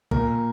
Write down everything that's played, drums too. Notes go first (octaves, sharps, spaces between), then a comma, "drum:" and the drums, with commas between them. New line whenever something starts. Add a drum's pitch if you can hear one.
A#2 A#4, drum: kick